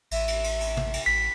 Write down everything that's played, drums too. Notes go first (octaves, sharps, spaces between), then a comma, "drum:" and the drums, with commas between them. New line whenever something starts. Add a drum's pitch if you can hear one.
A1 E5, drum: cymbal
drum: cymbal
drum: cymbal
drum: cymbal
drum: tom
drum: cymbal
A1 B6